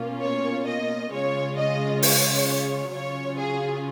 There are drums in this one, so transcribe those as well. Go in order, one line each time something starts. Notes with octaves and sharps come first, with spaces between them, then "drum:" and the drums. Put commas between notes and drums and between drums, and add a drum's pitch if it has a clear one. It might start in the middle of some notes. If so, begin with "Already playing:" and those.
Already playing: B2 A#3 C#4 F4
C#5
D#5
C#3 G#3 C#4 F4 C#5
D#5
C#5, drum: open hi-hat
C#3 F#3 C#4 F4 C#5
G#4